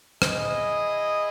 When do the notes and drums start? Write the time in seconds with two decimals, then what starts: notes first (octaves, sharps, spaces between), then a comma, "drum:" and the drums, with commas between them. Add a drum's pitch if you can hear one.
0.22 E4 G#4 D#5, drum: rim click